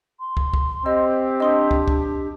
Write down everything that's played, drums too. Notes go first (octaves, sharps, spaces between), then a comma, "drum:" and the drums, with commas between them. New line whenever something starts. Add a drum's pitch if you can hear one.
C6
drum: kick
drum: kick
C4 G4 D#5
D4 D#5 C6 D#6
drum: kick
drum: kick